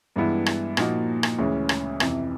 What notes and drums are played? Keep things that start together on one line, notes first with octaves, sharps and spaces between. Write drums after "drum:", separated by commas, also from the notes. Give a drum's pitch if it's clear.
G2 E3 G#3 B3 E4
drum: rim click
A#2 F3 A#3 D#4 F#4, drum: rim click
drum: rim click
D2 C#3 E3 G#3 C#4
drum: rim click
F2 C3 E3, drum: rim click